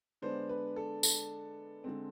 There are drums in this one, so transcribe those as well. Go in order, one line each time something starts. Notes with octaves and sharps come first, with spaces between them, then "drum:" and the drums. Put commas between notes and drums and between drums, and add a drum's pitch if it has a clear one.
D3 G#3 B3 D4 C5
B4
A4
A4, drum: tambourine
D3 G#3 C4